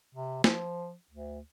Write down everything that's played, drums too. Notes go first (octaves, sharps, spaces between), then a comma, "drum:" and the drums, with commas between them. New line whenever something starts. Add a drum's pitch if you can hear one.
C3
F3, drum: snare
D2